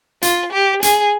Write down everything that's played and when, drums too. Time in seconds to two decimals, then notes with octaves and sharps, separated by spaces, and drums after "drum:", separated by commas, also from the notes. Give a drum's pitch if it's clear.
0.22 F4, drum: hi-hat
0.53 G4
0.83 G#4, drum: hi-hat